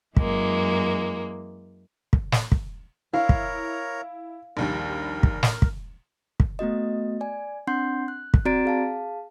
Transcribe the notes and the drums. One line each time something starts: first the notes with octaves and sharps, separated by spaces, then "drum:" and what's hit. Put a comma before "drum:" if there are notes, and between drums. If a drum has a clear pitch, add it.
F#2 E3 G#3 A#3, drum: kick
drum: kick
drum: snare
drum: kick
E4 A#4 C#5 F5 A#5
drum: kick
A#1 D#2 G3 A#4
drum: kick
drum: snare
drum: kick
drum: kick
A3 B3 F#4 D#5
D5 G#5
C4 D4 F#5 C6 G6 C7
F#6
drum: kick
C4 F#4 D5 A#5 A6 D7
G#4 F5 A5